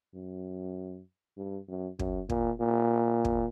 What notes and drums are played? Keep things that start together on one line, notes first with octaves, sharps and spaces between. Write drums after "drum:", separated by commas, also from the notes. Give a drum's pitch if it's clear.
F#2
G2
F#2
F#2, drum: kick
A#2, drum: kick
A#2
drum: kick